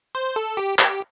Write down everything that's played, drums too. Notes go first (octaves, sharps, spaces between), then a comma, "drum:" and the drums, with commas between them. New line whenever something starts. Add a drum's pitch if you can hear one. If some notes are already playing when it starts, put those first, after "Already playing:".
C5
A4
G4
G4, drum: clap